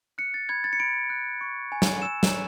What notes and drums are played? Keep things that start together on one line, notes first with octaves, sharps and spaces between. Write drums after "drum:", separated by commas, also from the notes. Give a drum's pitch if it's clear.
F#6 C#7
A6
B5 G#6
A6
C#7
B5 D7
F#6
C#6
G#5
drum: snare
E6 E7
drum: snare